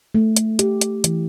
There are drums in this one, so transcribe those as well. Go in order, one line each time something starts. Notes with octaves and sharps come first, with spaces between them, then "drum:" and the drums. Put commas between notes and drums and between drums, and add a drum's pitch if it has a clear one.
A3
drum: hi-hat
G4, drum: hi-hat
drum: hi-hat
E3, drum: hi-hat